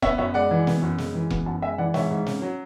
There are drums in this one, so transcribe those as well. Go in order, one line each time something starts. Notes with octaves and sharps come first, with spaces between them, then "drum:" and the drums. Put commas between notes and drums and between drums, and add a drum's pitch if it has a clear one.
B3 C#5 E5, drum: kick E1
F#2 C#5 E5
G#3 D5 F#5
E3
B3, drum: snare
F#2
G#3, drum: snare
E3
B3, drum: kick E1
F#2 F#5 A5
G#3 E5 G#5
E3 D5 F#5
G#2 C#5 E5, drum: snare
G#2
C#4, drum: snare
F#3